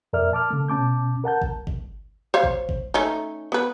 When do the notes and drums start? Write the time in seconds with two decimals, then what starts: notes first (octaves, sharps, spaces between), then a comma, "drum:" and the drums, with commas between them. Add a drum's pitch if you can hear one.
0.13 F2 A#2 A#4 D5 E5 F6
0.33 A5 D6 F6
0.50 C#3 A3
0.68 B2 C#4 A5 D6 G6
1.24 A#4 F#5 A5 G6
1.42 drum: kick
1.67 drum: kick
2.34 C5 C#5 F5
2.43 drum: kick
2.69 drum: kick
2.94 A3 C#4 D#4
3.52 B3 B4